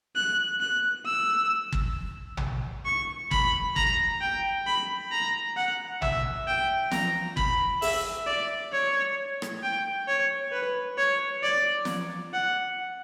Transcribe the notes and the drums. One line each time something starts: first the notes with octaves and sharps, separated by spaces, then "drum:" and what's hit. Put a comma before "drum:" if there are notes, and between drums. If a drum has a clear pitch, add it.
F#6
F#6
E6
drum: kick
drum: tom
C#6
B5, drum: kick
A#5, drum: kick
G5
B5
A#5
F#5
E5, drum: tom
G5
A#5, drum: snare
B5, drum: kick
E5, drum: open hi-hat
D5
C#5
drum: rim click
G5
C#5
B4
C#5
D5
drum: snare
F#5